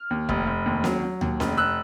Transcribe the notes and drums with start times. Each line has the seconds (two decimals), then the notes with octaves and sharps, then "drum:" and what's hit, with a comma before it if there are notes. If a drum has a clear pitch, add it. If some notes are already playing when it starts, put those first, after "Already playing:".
Already playing: F6
0.10 D#2
0.29 F1, drum: kick
0.47 F1
0.66 D#2
0.84 F#3, drum: snare C#4
1.02 F#3
1.21 D#2, drum: tom D2
1.40 F1, drum: snare C#4
1.57 E6 F#6